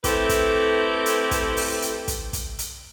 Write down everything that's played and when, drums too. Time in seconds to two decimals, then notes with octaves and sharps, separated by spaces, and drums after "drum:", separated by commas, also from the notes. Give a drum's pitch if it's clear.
0.04 A3 C4 E4 G4 A4 B4, drum: kick, hi-hat
0.29 drum: kick, hi-hat
1.06 drum: hi-hat
1.31 drum: kick, hi-hat
1.57 drum: open hi-hat
1.82 drum: hi-hat
2.08 drum: kick, hi-hat
2.33 drum: kick, hi-hat
2.59 drum: hi-hat